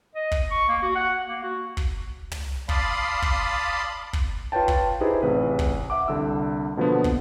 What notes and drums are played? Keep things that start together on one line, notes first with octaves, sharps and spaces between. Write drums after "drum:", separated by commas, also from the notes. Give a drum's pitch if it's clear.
D#5
drum: kick
C#6
A#3
F#4
F#5
A#3
F#4
drum: kick
drum: tom
D5 F5 A5 B5 C6 D#6, drum: kick
drum: kick
drum: kick
F4 B4 C#5 G5 A5
drum: kick
D#4 E4 G4 G#4 B4 C5
A1 C3 B4
drum: kick
E5 F#5 D6
C2 D3 D4 E6
B2 D3 F3 A#3 B3
drum: kick